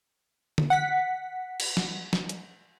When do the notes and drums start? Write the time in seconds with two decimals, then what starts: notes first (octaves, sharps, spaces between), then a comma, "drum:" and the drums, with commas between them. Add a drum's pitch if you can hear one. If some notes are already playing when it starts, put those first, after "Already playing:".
0.58 drum: tom D3
0.70 F#5 B6
1.60 drum: cymbal
1.77 drum: snare
2.13 drum: snare
2.29 drum: hi-hat